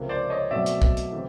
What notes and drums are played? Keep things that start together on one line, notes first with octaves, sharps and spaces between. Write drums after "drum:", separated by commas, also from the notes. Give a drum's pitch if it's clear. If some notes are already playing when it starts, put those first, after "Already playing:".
Already playing: C#2 C3 F3 A#3
C5 D5
C#5 D#5
B2 F#3 A3 C4 D5 E5
drum: hi-hat
drum: kick
drum: hi-hat
C#3 E3 A3 C4